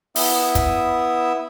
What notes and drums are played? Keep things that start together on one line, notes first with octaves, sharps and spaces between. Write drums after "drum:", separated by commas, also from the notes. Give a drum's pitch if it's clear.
B3 E4 E5 D#6, drum: open hi-hat
drum: kick, hi-hat